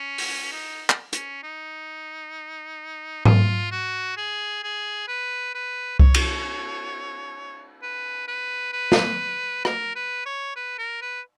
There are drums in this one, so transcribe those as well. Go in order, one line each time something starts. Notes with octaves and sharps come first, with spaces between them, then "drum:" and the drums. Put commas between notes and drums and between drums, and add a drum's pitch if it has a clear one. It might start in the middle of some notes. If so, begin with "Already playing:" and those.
Already playing: C#4
drum: open hi-hat
D#4
drum: clap
C#4, drum: hi-hat
D#4
F4, drum: tom G#2
F#4
G#4
G#4
B4
B4
C#5, drum: kick C2
drum: cymbal
B4
B4
B4
drum: snare
A#4, drum: rim click
B4
C#5
B4
A#4
B4